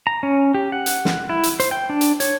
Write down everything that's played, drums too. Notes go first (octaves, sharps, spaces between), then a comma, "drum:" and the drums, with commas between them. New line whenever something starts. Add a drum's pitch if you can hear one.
A#5
C#4
G4
F#5
drum: hi-hat
drum: snare
E4
drum: hi-hat
C5, drum: hi-hat
G5
D4
drum: hi-hat
C#5, drum: hi-hat